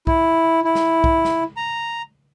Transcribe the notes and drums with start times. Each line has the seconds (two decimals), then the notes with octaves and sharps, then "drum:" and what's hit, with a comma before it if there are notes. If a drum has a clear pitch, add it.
0.07 E4, drum: kick B1
0.64 E4
0.75 drum: snare
1.04 drum: kick B1
1.25 drum: snare
1.57 A#5